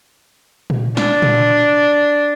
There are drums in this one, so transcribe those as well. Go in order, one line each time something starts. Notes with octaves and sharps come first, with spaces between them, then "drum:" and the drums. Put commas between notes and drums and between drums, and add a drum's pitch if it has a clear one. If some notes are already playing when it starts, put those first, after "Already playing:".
drum: tom A#2
D4, drum: snare
drum: tom A#2